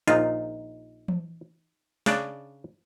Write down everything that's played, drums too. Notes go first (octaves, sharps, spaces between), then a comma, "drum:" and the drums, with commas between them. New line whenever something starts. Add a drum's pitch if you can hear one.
A#1 D#4 F4, drum: hi-hat
drum: tom E3
C#3 D4 D5, drum: snare